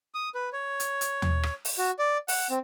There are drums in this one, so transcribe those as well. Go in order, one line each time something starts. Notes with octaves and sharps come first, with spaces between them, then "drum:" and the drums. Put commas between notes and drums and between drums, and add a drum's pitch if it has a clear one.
D#6
B4
C#5
drum: hi-hat
drum: hi-hat
drum: tom
drum: rim click
drum: open hi-hat
F#4
D5
F#5, drum: open hi-hat
C4